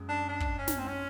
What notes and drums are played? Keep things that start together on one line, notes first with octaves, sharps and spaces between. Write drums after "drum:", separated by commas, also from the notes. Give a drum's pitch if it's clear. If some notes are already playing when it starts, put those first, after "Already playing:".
Already playing: F#2 G#3
D4
D4
drum: kick
C#4
drum: snare
C4
C#4